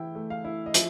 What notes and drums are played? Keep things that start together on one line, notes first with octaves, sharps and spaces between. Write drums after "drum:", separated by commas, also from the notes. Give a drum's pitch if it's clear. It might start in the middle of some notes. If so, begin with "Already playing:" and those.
Already playing: E3 E4 G5
A3
F5
E4
D#5
F3 E5, drum: hi-hat